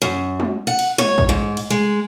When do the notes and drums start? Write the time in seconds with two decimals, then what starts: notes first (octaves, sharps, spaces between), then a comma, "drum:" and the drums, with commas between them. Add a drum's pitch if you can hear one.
0.02 F#2
0.40 drum: tom
0.67 F#5
0.79 drum: cymbal
0.98 C#5, drum: tom
1.18 drum: kick A#1
1.29 G#2
1.57 drum: cymbal
1.70 G#3